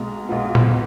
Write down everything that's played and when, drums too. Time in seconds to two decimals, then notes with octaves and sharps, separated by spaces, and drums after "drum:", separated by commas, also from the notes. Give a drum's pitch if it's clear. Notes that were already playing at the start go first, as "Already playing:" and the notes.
Already playing: B1 B2 G#3 A#5
0.28 B1 B2 G#3 B3 F4
0.55 drum: tom A#2